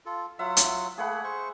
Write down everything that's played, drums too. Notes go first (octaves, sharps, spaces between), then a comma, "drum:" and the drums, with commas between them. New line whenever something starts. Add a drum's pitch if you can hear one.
F4 A4
F#3 F4 E5 F#5
drum: hi-hat
A3 A#3 G#4 F#5 B5
C5 C#6